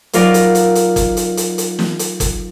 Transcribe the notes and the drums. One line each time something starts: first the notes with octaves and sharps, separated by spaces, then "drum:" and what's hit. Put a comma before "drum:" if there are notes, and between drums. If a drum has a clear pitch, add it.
F#3 D#4 F4 A#4 D5, drum: hi-hat
drum: hi-hat
drum: hi-hat
drum: hi-hat
drum: kick, hi-hat
drum: hi-hat
drum: hi-hat
drum: hi-hat
drum: snare
drum: hi-hat
drum: kick, hi-hat